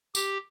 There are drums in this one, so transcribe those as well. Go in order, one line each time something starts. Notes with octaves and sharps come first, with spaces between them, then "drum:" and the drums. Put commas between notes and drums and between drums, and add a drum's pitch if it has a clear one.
G4, drum: tambourine